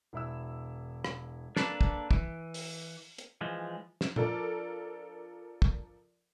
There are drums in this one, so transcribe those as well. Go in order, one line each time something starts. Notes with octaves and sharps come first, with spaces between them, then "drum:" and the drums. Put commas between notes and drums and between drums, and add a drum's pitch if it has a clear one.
E1 E4 E6
drum: rim click
A#3 D4 A4 B4, drum: snare
drum: kick
E3, drum: kick
drum: open hi-hat
drum: hi-hat
E3 F3 G#3
drum: snare
F3 D4 A4 A#4 D5, drum: tom
drum: kick